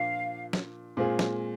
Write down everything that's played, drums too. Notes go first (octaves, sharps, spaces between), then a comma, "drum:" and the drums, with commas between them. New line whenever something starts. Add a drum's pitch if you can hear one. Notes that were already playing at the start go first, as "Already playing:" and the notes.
Already playing: A#2 F3 A#3 D4 F5
drum: snare
A#2 G#3 C4 F4 G#4
drum: snare